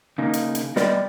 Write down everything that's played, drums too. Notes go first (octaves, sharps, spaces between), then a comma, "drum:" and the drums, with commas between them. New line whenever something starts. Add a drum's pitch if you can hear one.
C#3 A#3 D#4
drum: hi-hat
drum: hi-hat
G3 B3 D5 D#5 G5, drum: snare